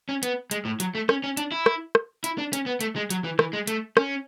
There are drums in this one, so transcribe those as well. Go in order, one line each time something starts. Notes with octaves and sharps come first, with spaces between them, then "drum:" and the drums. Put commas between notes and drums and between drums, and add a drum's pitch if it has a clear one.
C#4
B3, drum: hi-hat
G#3, drum: hi-hat
A2
F#3, drum: hi-hat
A3
C#4, drum: rim click
C#4
D4, drum: hi-hat
E4
drum: rim click
drum: rim click
E4, drum: hi-hat
D4
C#4, drum: hi-hat
B3
A3, drum: hi-hat
G#3
F#3, drum: hi-hat
E3
E3, drum: rim click
G#3
A3, drum: hi-hat
C#4, drum: rim click